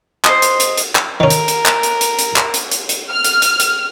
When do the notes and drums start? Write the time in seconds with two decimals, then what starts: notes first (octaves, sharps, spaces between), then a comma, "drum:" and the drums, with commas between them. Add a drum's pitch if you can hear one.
0.25 C5 D#5, drum: clap
0.42 drum: hi-hat
0.60 drum: hi-hat
0.78 drum: hi-hat
0.95 drum: clap
1.20 D#3 C#4 A#4
1.30 drum: hi-hat
1.48 drum: hi-hat
1.66 drum: clap
1.83 drum: hi-hat
2.01 drum: hi-hat
2.19 drum: hi-hat
2.36 drum: clap
2.54 drum: hi-hat
2.72 drum: hi-hat
2.89 drum: hi-hat
3.11 F6
3.24 drum: hi-hat
3.42 drum: hi-hat
3.60 drum: hi-hat